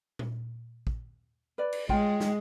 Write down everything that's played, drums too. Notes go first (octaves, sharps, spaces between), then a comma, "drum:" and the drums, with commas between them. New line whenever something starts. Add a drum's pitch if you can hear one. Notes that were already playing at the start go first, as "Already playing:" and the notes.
drum: tom A#2
drum: kick
B4 D5
drum: cymbal
G#3 F4 C#5 G5, drum: kick
drum: snare